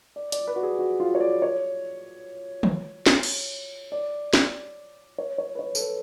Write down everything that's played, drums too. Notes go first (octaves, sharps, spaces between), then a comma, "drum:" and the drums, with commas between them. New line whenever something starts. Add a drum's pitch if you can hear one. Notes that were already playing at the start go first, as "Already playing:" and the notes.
D5
D5, drum: hi-hat
B4
F#4
G#4
F#4
F4
C#5
D5
C#5
drum: tom
drum: snare
drum: cymbal
D5
drum: snare
C#5
C#5
B4
C#5
A4, drum: tambourine
B4